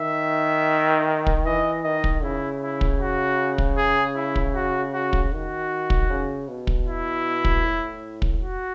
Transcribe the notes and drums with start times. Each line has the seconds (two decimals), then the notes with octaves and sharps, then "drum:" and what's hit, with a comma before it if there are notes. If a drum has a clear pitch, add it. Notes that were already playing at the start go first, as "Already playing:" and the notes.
Already playing: D#3 E5
1.27 drum: kick
1.46 E3 D#5
1.84 D#3 D#5
2.04 drum: kick
2.23 C#3 E4
2.61 E4
2.81 drum: kick
3.00 F#4
3.58 drum: kick
3.78 G#4
4.16 E4
4.36 drum: kick
4.55 F#4
4.94 F#4
5.13 drum: kick
5.32 D#3 F#4
5.90 drum: kick
6.10 C#3
6.48 B2
6.67 drum: kick
6.87 E4
7.45 drum: kick
7.64 A2
8.22 drum: kick
8.41 F#4